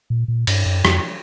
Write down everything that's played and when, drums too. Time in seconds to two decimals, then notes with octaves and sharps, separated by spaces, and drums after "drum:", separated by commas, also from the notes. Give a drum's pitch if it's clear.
0.10 A#2
0.28 A#2
0.47 G2, drum: cymbal
0.66 F#2
0.85 F2, drum: rim click